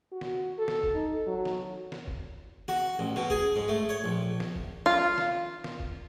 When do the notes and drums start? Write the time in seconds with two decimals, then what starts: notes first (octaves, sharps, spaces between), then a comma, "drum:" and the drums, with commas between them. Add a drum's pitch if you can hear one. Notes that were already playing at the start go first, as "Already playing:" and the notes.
0.12 F#4
0.21 drum: snare
0.59 A4
0.68 drum: snare
0.83 drum: kick
0.95 D#4
1.27 F#3
1.45 drum: snare
1.92 drum: snare
2.08 drum: kick
2.68 F#4, drum: snare
2.99 A1
3.16 B2, drum: snare
3.30 G#4, drum: kick
3.56 G#2
3.68 A3
3.89 C#5
4.04 A#1
4.40 drum: snare
4.56 drum: kick
4.86 F4
5.18 drum: snare
5.64 drum: snare
5.80 drum: kick